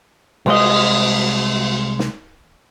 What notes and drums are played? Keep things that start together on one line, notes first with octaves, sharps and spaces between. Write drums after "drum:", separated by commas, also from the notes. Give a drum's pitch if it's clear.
C2 G#3 D#5, drum: cymbal
drum: snare